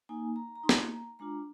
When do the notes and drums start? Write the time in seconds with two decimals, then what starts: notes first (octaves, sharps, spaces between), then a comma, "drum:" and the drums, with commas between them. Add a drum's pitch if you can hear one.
0.09 A#3 D#4 G#5
0.36 A#5
0.55 A#5
0.64 D#4 C6
0.69 A#3, drum: snare
0.92 A#5
1.19 G#3 D4 F4 A#5